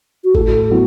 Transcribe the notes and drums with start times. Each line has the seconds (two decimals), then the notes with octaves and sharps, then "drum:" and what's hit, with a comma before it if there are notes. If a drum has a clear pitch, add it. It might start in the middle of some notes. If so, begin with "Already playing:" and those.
0.24 F#4
0.35 A2 A4, drum: kick G#1
0.70 F#3 B3 E4 F#4